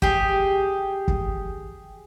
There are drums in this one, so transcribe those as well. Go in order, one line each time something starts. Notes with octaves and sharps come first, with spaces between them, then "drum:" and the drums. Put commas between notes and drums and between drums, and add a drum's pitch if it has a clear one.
G4 G#4, drum: kick
drum: kick